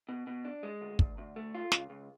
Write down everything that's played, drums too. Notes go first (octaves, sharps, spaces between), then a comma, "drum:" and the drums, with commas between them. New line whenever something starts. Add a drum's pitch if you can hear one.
B2
B2
D4
G#3
D2
D2, drum: kick
D2
A3
F4
C#2, drum: snare
C#2